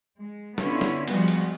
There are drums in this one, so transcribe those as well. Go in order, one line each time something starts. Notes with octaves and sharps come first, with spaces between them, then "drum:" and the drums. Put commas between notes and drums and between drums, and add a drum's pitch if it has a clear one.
G#3
D3 B3 C#4 E4 F4, drum: snare
drum: snare
F3 G3 G#3 B3 F#4, drum: cymbal
drum: cymbal